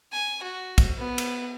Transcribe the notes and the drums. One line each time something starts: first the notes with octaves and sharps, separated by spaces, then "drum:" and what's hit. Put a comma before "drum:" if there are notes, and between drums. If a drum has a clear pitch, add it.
G#5
F#4
drum: kick, cymbal
B3
drum: cymbal